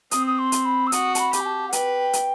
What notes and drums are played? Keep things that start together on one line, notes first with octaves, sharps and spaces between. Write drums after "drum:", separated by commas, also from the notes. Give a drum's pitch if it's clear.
C4 D#6, drum: hi-hat
D#6
C6
drum: hi-hat
B5
E6
F#4 D#6, drum: hi-hat
A5, drum: hi-hat
B5
G4, drum: hi-hat
G5
A5
F#5
B4 G5, drum: hi-hat
drum: hi-hat